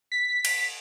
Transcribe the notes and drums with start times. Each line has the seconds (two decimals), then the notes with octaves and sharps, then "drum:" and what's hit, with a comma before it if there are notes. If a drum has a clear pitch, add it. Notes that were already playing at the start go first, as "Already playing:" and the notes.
0.12 B6
0.45 drum: cymbal